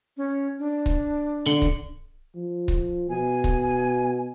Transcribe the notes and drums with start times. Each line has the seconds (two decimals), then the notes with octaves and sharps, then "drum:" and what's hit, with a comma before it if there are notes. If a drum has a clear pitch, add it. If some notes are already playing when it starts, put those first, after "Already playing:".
0.17 C#4
0.59 D4
0.86 drum: kick C#1
1.46 D3
1.62 drum: kick C#1
2.36 F3
2.68 drum: kick C#1
3.09 B2 G#5
3.44 drum: kick C#1